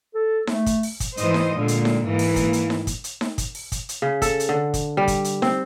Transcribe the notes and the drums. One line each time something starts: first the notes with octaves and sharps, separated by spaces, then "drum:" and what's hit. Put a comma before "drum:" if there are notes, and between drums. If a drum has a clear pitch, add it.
A4
A3, drum: snare D#4
drum: kick, hi-hat
drum: open hi-hat
drum: kick, hi-hat
G#2 E3 C5 D#5, drum: hi-hat
drum: snare D#4
A#2 D3 G#3
drum: hi-hat
drum: snare D#4
G#2 E3 A#3
drum: open hi-hat
drum: kick, hi-hat
drum: hi-hat
drum: snare D#4
drum: kick, hi-hat
drum: hi-hat
drum: snare D#4
drum: kick, hi-hat
drum: open hi-hat
drum: kick, hi-hat
drum: hi-hat
C#3
A4, drum: kick, hi-hat
drum: hi-hat
D3
drum: kick, hi-hat
G3
drum: kick, hi-hat
drum: hi-hat
C4, drum: snare D#4